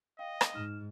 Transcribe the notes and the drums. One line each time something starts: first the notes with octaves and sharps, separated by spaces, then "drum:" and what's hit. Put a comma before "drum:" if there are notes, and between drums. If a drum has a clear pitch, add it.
D#5 F5 G5
drum: rim click
G#2 D#4 F6 E7